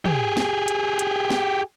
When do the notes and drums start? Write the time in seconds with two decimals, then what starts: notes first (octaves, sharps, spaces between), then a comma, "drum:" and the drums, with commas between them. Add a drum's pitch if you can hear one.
0.05 G4 G#4, drum: tom
0.37 drum: snare
0.68 drum: hi-hat
0.99 drum: hi-hat
1.30 drum: snare